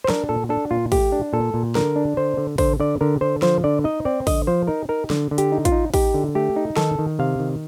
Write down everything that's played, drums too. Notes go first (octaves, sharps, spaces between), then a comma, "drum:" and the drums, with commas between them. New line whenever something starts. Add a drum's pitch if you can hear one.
C5
D4 A#4, drum: snare
A#2 A4
D4 A4
A#2 F4
A3 G4, drum: kick A1, open hi-hat
D4
A#2 A4
A#2
D3 A#4, drum: snare
D4
D3 C5
D3
D3 C5, drum: kick A1, open hi-hat
D3 D5
D3 A#4
D3 C5
F3 C5, drum: snare
D3 D5
D#4 D#5
C4 D5
D3 D#5, drum: kick A1, open hi-hat
F3 C5
D#4 A#4
D#4 A#4
D3, drum: snare
D3
G4, drum: hi-hat
D#4
F4, drum: kick A1, hi-hat
D#4
D#4 G4, drum: kick A1, open hi-hat
D3
A3 G4
D#4
D#3 A4, drum: snare
D#3
C3 F5
D#3